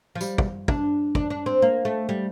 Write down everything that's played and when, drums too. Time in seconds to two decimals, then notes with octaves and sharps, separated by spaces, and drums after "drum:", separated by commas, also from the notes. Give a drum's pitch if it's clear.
0.15 F3
0.21 G3, drum: tambourine
0.38 drum: kick
0.68 D4, drum: kick
1.15 D4, drum: kick
1.30 D4
1.46 C4
1.62 A#3
1.85 A3
2.09 G3